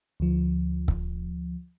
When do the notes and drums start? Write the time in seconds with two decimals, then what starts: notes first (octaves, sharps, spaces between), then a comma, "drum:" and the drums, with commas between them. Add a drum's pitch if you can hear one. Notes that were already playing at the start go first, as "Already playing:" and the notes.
0.20 D2 F3
0.88 drum: kick C#1